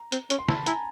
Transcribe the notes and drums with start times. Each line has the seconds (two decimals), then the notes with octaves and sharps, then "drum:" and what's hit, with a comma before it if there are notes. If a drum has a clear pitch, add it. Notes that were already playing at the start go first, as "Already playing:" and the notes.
Already playing: A#5
0.12 C4, drum: hi-hat
0.30 C#4, drum: hi-hat
0.39 C6
0.48 E4 A5 B5, drum: snare
0.66 E4 G#5 A#5, drum: hi-hat